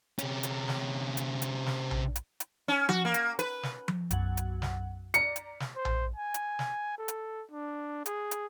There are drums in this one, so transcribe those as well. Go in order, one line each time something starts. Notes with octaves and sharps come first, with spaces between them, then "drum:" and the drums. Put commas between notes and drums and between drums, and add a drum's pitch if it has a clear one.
C3 C#4, drum: hi-hat
drum: hi-hat
drum: snare
drum: hi-hat
drum: hi-hat
drum: snare
drum: tom A#1
drum: hi-hat
drum: hi-hat
C#4
F#4, drum: tom F3
A#3
drum: hi-hat
B4, drum: hi-hat
drum: snare
drum: tom F3
B1 F#2 F#5, drum: hi-hat
drum: hi-hat
drum: snare
D5 A#5 C#7, drum: hi-hat
drum: hi-hat
drum: snare
C5
drum: tom A#1
G#5
drum: hi-hat
drum: snare
A4
drum: hi-hat
D4
G#4, drum: hi-hat
drum: hi-hat